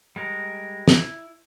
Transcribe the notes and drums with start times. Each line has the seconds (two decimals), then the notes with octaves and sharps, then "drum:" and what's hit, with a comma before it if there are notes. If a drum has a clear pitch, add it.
0.16 G3 G#3 A#4
0.88 E4, drum: snare